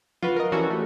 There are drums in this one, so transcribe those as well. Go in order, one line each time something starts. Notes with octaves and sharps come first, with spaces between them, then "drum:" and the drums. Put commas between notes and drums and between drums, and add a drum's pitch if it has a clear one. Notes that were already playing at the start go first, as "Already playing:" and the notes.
F4 F#4 B4, drum: tom F3
A#4 D#5
E3 G3 C#4 F#4 A4
A3